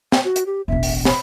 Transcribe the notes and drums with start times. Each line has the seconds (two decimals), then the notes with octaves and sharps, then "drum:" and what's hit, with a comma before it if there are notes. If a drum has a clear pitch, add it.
0.12 G5, drum: snare
0.25 F#4
0.36 drum: hi-hat
0.46 G4
0.68 E1 A1 E5
0.83 drum: open hi-hat
1.05 B5, drum: snare